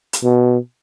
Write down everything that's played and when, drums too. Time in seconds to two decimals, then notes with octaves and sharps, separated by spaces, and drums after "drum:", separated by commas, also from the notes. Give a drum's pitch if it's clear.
0.13 drum: hi-hat
0.23 B2